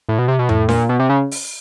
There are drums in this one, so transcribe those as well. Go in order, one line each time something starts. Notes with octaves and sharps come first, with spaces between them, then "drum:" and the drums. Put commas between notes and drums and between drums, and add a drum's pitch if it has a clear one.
A2
B2
C3
B2
A2, drum: tom F2
A#2, drum: snare D4
B2
C3
C#3
drum: open hi-hat